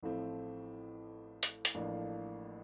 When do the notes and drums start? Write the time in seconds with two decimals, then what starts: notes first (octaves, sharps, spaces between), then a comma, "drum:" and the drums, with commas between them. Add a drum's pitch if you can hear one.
0.03 A1 A2 F3 A3 C4
1.43 drum: hi-hat
1.65 drum: hi-hat
1.74 A1 A2 F3 A#3 D4